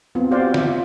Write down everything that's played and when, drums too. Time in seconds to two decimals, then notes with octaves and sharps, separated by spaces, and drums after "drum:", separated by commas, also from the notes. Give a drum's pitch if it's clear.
0.15 B3 C4 F4
0.31 F#4 G4 C5 D5 F5 F#5
0.54 F4 E5, drum: snare
0.67 F4